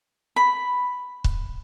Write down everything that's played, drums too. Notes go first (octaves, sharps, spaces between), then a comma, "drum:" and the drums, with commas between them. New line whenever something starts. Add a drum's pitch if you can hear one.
B5
drum: kick C#1